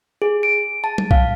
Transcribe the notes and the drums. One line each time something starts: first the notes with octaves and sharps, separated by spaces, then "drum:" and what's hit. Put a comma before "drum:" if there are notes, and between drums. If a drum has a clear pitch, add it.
G#4
D7
A5
drum: tom F#3
F5, drum: kick B1